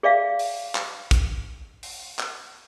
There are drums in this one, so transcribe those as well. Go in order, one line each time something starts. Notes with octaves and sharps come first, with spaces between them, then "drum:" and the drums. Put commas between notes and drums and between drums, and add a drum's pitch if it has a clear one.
G#4 D5 E5 F5
drum: open hi-hat
drum: clap
drum: kick, hi-hat
drum: open hi-hat
drum: clap